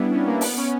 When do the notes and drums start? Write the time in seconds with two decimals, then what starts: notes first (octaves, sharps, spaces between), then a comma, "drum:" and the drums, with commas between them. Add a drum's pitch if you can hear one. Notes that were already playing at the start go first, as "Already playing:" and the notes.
Already playing: G3 B3 D4 E4
0.10 C#4
0.25 A#3
0.41 B3, drum: open hi-hat
0.57 C#4